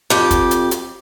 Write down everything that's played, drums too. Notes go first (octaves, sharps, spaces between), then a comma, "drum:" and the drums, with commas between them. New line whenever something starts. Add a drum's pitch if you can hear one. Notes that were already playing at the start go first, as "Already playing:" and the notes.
F2 G4
drum: kick, hi-hat
drum: hi-hat
drum: hi-hat